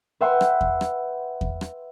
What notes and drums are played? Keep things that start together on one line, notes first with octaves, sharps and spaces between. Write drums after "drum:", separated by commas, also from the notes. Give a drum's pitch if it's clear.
B4 E5 F#5 G5 C6
drum: rim click
drum: kick E2
drum: rim click
drum: kick E2
drum: rim click